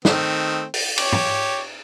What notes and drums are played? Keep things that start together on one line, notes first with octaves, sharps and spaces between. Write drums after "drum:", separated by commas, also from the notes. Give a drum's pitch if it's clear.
D#3 A3 C4, drum: snare
drum: open hi-hat
G4 C#5, drum: cymbal
drum: tom G#2